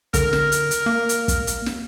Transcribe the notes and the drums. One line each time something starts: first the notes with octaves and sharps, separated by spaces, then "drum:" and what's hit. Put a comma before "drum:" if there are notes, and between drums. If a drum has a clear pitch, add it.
D3 A#4, drum: kick, hi-hat
drum: snare
drum: hi-hat
drum: hi-hat
A#3
drum: hi-hat
drum: kick, hi-hat
drum: hi-hat
drum: snare